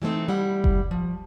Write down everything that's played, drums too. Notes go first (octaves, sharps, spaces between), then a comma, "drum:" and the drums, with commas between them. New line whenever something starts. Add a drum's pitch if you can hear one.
E3 G3 A3 C4 D#4
G3 E4 F#5
drum: kick F#1
F3